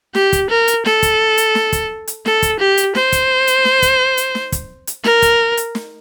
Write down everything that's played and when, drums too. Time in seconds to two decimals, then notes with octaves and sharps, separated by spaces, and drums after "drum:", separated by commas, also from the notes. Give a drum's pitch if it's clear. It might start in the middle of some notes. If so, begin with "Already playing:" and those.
0.15 G4, drum: snare
0.33 drum: kick, hi-hat
0.50 A#4
0.68 drum: hi-hat
0.86 A4, drum: snare
1.03 drum: kick, hi-hat
1.38 drum: hi-hat
1.55 drum: snare
1.73 drum: kick, hi-hat
2.07 drum: hi-hat
2.26 A4, drum: snare
2.42 drum: kick, hi-hat
2.59 G4
2.77 drum: hi-hat
2.95 C5, drum: snare
3.12 drum: kick, hi-hat
3.47 drum: hi-hat
3.65 drum: snare
3.82 drum: kick, hi-hat
4.17 drum: hi-hat
4.35 drum: snare
4.52 drum: kick, hi-hat
4.87 drum: hi-hat
5.04 A#4, drum: snare
5.22 drum: kick, hi-hat
5.57 drum: hi-hat
5.75 drum: snare